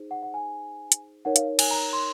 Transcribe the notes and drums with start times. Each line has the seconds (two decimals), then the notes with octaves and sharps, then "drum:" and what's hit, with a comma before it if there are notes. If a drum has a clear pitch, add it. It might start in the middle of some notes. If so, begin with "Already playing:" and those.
Already playing: D#4 G#4 C5
0.11 F#5
0.23 F#5
0.34 G#5
0.92 drum: hi-hat
1.25 D#4 A#4 C#5 F#5
1.36 F5, drum: hi-hat
1.59 G#5, drum: cymbal
1.71 A#5
1.93 C6